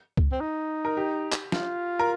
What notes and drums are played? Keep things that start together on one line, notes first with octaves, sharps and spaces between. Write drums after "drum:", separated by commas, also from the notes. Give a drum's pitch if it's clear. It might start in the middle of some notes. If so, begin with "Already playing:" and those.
drum: kick
C4
D#4
A#4
G4
drum: clap
F4, drum: snare
A#4